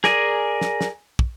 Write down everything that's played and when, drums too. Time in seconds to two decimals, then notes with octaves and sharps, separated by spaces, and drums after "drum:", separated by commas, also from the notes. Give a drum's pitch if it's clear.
0.04 G#4 A#4 D5 G#5, drum: snare
0.61 drum: snare
0.81 drum: snare
1.19 drum: kick